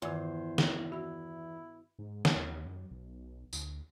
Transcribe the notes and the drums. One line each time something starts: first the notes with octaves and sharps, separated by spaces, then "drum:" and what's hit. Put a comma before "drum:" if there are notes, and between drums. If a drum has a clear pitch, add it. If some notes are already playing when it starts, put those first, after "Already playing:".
E2 G2 D#3 C5
drum: snare
E4 F#4 E6
G#2
drum: snare
D#2
F#2
B1
D2, drum: tambourine